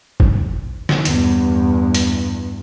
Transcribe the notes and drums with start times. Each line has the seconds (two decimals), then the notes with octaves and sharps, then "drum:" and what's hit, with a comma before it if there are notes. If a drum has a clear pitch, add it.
0.20 drum: kick G1
0.89 drum: snare
1.05 E2 G2, drum: hi-hat
1.95 drum: hi-hat